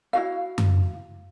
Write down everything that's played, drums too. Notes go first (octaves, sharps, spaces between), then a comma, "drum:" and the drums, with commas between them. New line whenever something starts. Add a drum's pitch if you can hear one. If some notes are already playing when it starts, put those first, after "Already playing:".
E4 F#4 F5
drum: tom F#2